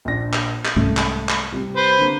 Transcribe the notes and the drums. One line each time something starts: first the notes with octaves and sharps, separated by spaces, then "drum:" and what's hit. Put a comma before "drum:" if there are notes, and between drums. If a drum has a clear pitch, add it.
A#1 D4 A#6
drum: clap
drum: clap
C2 G#2 A3 C#4
drum: clap
drum: clap
C3 G3
B4 C5
D3 A#3